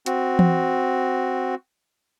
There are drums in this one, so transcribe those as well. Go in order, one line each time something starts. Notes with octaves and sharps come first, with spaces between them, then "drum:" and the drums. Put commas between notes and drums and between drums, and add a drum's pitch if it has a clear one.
C4 F#4, drum: hi-hat
drum: tom E3